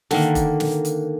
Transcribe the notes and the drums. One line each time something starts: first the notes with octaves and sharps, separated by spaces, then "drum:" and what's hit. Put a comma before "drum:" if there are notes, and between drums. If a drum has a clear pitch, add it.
D3 D#3 A#3, drum: snare
drum: kick F1, hi-hat
drum: snare
drum: hi-hat